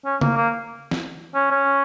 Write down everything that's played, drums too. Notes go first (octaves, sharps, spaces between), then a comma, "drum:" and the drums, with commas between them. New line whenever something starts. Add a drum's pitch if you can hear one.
C#4
A#3, drum: tom C#3
A#3
drum: snare
C#4
C#4